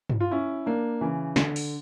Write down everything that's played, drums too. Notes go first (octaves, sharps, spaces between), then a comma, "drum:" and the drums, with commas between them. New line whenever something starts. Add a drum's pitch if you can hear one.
drum: tom
F4
C#4 E4
A#3 D4
C#3 E3
D3, drum: snare
drum: open hi-hat